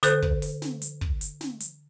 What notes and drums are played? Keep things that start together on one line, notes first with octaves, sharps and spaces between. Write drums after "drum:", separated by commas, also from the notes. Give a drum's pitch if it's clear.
D3 A4 C5 F#6, drum: hi-hat
drum: kick
drum: open hi-hat
drum: snare
drum: hi-hat
drum: kick
drum: hi-hat
drum: snare
drum: hi-hat